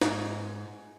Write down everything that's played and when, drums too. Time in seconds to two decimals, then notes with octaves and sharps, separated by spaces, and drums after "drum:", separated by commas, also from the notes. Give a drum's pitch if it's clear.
0.02 G#2, drum: snare